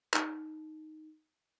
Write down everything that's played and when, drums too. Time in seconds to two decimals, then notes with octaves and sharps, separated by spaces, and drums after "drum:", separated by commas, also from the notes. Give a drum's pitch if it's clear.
0.13 D#4, drum: clap